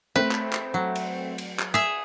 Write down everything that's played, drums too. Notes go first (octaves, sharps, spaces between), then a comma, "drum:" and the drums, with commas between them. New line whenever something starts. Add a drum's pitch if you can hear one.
A3 C4 B4
drum: clap
drum: clap
F#3
drum: cymbal
drum: cymbal
drum: clap
G#4 E5